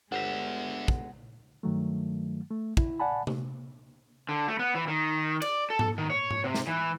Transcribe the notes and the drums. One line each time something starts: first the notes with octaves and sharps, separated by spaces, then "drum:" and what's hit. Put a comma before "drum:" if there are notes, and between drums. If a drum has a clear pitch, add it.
G1 G#3 B3 D4 C5 E5 F#5 A#5
drum: kick
G2 D#3 F#3 A3
A3
E4, drum: kick
D5 F#5 G#5 A5 B5
drum: tom C3
D3
A3
B3
E3
D#3
D5, drum: cymbal
A4
drum: tom G#2
D#3
C#5
drum: tom G#2
C3
drum: snare
E3